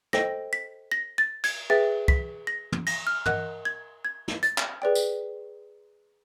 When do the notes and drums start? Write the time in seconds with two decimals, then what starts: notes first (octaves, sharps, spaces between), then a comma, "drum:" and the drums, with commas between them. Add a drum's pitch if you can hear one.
0.13 A4 C5 D#5 G5 A#6, drum: snare
0.53 B6
0.92 A#6
1.18 A6
1.44 G#6, drum: cymbal
1.70 G#4 B4 E5 G5 A6
2.08 B6, drum: kick
2.47 A#6
2.72 drum: tom
2.87 A#6, drum: cymbal
3.07 F6
3.26 A#4 D#5 F#5 F#6, drum: tom
3.65 G#6
4.05 G#6
4.28 drum: snare
4.43 A6, drum: hi-hat
4.58 drum: clap
4.82 G#4 B4 D5 G5
4.95 drum: tambourine